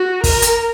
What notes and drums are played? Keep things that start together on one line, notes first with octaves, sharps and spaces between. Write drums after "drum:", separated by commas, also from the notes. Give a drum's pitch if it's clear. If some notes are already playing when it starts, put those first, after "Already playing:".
Already playing: F#4
A#4, drum: kick, open hi-hat
drum: hi-hat